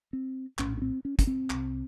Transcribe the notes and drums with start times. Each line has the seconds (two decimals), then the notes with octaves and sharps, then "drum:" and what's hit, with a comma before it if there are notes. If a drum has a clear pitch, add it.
0.13 C4
0.59 A#1 A2 C#4, drum: clap
0.77 C#4
0.82 C4
1.05 C#4
1.19 C#4, drum: kick, hi-hat
1.27 C4
1.50 C2 C3, drum: clap